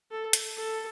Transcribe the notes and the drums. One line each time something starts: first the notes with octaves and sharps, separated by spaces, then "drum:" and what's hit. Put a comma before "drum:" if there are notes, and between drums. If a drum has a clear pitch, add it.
A4
drum: hi-hat
A4